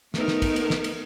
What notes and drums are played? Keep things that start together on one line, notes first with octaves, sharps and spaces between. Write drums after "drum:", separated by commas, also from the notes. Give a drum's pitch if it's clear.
A3 B3 D#4 A#4, drum: snare
drum: snare
drum: kick, cymbal
drum: cymbal
drum: snare
drum: cymbal